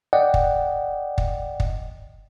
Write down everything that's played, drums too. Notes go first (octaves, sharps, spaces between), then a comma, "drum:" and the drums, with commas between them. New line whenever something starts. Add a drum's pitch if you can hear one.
D5 D#5 F#5 G5
drum: kick
drum: kick
drum: kick